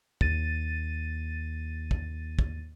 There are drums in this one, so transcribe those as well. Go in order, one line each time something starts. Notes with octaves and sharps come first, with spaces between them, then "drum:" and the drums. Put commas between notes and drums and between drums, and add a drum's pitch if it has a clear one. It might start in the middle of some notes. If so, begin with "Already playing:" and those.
D#2 A6 D#7, drum: kick
drum: kick
drum: kick